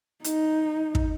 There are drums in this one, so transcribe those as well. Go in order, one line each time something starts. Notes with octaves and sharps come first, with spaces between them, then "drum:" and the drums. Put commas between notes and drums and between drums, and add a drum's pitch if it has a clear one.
D#4, drum: hi-hat
drum: kick